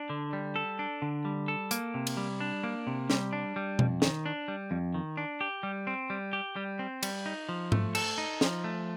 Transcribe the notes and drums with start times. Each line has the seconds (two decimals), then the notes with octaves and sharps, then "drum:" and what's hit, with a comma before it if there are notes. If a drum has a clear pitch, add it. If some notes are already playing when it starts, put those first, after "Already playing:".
Already playing: D4
0.10 D3
0.33 G3
0.56 A4
0.79 D4
1.02 D3
1.25 G3
1.48 A4
1.71 A#3, drum: hi-hat
1.94 C3
2.07 drum: cymbal
2.17 G3
2.40 D4
2.64 A#3
2.87 C3
3.10 G3, drum: snare
3.33 D4
3.56 G3
3.79 F2, drum: tom B2
4.02 D#3, drum: snare
4.26 D4
4.48 G3
4.71 F2
4.94 D#3
5.17 D4
5.41 G4
5.63 G3
5.87 C4
6.10 G3
6.33 G4
6.56 G3
6.79 C4
7.03 G3, drum: cymbal
7.26 D#4
7.49 F3
7.72 A3, drum: tom G#2
7.95 A4, drum: cymbal
8.18 D#4
8.41 F3, drum: snare
8.64 A3